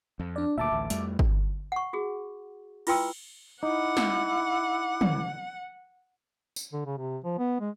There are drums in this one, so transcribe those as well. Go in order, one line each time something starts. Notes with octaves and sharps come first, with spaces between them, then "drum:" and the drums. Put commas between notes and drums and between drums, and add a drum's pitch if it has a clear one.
F2
D4 D5
D2 A#2 E5 A5 D6
A1 D2
F2 G3 A3, drum: hi-hat
drum: kick
F#5 C#6
F#4 G#4
E4 F4 B4 G5 C6 E6, drum: cymbal
D#4 E4 F#5 D6
drum: snare
drum: tom
drum: tambourine
D3
C#3
C3
F3
B3
G#3